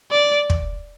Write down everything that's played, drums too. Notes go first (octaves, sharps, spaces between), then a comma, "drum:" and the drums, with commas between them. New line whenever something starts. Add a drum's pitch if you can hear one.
D5
drum: kick